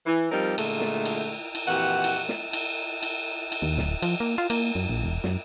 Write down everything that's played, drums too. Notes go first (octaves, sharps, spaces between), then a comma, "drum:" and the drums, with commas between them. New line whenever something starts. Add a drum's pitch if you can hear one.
E3
F3 G3 C4 D#4 G4 A#4
A#2 D3 G#3 A3, drum: cymbal
drum: snare
drum: cymbal
drum: cymbal
F2 A#2 E3 F#4 G4 F#5
drum: cymbal
drum: snare
drum: cymbal
drum: cymbal
drum: cymbal
D#2
D1, drum: snare
F3, drum: cymbal
A#3
F4
A#3, drum: cymbal
F#2
A#1
E1
F#2, drum: snare